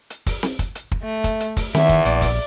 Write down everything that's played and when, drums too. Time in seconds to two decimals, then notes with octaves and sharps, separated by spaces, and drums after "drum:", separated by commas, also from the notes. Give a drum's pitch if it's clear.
0.10 drum: hi-hat
0.26 drum: kick, open hi-hat
0.43 drum: snare C4
0.59 drum: kick, hi-hat
0.75 drum: hi-hat
0.92 drum: kick
1.03 A3
1.24 drum: kick, hi-hat
1.40 drum: hi-hat
1.57 drum: kick, open hi-hat
1.75 E2 D#3 E5, drum: snare C4
1.89 drum: kick, hi-hat
2.05 A#1 D5, drum: hi-hat
2.22 drum: kick, open hi-hat